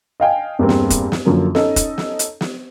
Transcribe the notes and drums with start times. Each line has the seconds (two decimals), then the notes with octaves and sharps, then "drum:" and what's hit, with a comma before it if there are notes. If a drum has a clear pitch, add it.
0.20 D#5 F5 G5 G#5
0.59 E2 G2 A#3 C4
0.69 drum: snare
0.90 drum: kick F1, hi-hat
1.12 drum: snare
1.25 F#2 D3 F3 F#3 A#3 C#4
1.55 C#4 D#4 A4 D#5, drum: snare
1.76 drum: kick F1, hi-hat
1.98 drum: snare
2.19 drum: hi-hat
2.41 drum: snare